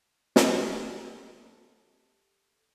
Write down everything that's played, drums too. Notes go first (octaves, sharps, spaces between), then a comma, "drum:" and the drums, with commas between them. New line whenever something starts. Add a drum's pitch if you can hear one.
G4 A4, drum: snare